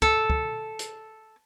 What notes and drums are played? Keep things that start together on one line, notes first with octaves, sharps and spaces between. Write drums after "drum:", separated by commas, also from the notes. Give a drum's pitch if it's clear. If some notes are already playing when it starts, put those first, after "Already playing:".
A4, drum: kick
drum: kick
drum: hi-hat